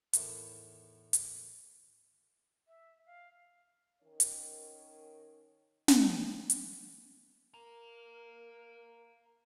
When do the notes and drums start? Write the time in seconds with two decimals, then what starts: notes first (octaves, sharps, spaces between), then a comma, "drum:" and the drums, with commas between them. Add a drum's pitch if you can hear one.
0.13 E2 A2 D#3 E4, drum: hi-hat
1.13 drum: hi-hat
2.68 E5
3.06 F5
4.02 D#3 C#4 A#4 C#5
4.20 drum: hi-hat
5.88 drum: snare
6.50 drum: hi-hat
7.54 A#4 F5 A#5